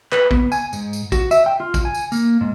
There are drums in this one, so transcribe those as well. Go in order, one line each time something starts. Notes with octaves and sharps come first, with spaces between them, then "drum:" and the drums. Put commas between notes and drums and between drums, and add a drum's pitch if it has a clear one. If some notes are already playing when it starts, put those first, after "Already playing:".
B4, drum: clap
B3, drum: kick
G#5, drum: tambourine
G#2, drum: tambourine
drum: tambourine
F#4, drum: kick, tambourine
E5, drum: tambourine
G5
F4
drum: kick, tambourine
G#5
drum: tambourine
A#3, drum: tambourine
G#2